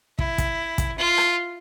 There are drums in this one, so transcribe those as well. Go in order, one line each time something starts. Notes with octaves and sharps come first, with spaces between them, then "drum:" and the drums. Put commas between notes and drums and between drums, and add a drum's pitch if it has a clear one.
E4, drum: kick
drum: kick, hi-hat
drum: kick, hi-hat
F4
drum: rim click